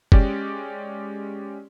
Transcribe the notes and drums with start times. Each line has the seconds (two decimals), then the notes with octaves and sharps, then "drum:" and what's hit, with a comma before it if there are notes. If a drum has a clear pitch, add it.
0.12 G#3 C#4 G4 D5, drum: kick F#1